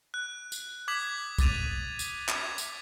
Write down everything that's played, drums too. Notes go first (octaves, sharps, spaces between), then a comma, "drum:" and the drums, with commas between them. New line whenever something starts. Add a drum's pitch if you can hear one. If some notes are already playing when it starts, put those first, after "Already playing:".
F#6
drum: tambourine
D6 D#6 G#6 B6 F#7
D6 A6 D#7 F7, drum: kick, tambourine
drum: tambourine
D6 G#6, drum: clap
drum: tambourine